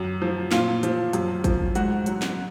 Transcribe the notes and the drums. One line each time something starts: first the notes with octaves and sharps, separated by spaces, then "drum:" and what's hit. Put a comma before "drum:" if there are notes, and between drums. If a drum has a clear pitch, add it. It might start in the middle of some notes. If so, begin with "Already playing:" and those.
Already playing: F#2
F3
A#2 F4, drum: snare
F3, drum: hi-hat
F#2, drum: hi-hat
F3, drum: kick, hi-hat
G#2 F#4, drum: hi-hat
F#3, drum: hi-hat
drum: snare